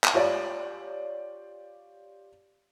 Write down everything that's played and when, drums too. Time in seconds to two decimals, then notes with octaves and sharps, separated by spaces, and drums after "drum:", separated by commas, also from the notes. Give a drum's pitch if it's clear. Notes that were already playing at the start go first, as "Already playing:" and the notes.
0.04 drum: clap
0.14 F4 G4 C#5 D5